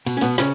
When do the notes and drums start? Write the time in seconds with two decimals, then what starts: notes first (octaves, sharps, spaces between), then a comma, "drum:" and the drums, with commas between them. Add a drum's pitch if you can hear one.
0.06 B2, drum: cymbal
0.17 C#4
0.21 B2 B3, drum: cymbal
0.38 C#3 C#4, drum: snare